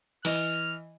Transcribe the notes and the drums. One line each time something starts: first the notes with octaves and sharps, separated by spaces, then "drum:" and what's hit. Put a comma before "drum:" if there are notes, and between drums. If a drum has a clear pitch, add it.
E3 D#5 F6, drum: open hi-hat